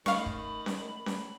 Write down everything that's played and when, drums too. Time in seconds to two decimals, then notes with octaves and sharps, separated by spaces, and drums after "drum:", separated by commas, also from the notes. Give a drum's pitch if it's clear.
0.06 D#3 A3 F5 B5 C#6, drum: snare C#4
0.26 drum: kick
0.66 drum: snare C#4
1.06 drum: snare C#4